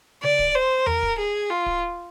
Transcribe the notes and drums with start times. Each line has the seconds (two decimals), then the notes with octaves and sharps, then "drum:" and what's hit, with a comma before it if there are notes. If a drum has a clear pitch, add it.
0.23 D5, drum: tom C#3
0.39 drum: kick D1
0.55 C5
0.86 A#4, drum: tom E2
1.03 drum: kick D1
1.18 G#4
1.51 F4
1.66 drum: kick D1